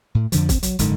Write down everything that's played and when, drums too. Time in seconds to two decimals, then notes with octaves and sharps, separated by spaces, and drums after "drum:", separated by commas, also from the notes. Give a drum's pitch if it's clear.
0.15 A2
0.32 F2 D3 F3, drum: hi-hat
0.49 C4, drum: kick, hi-hat
0.63 F#3, drum: hi-hat
0.79 F#1 G#2 D3 D#3, drum: hi-hat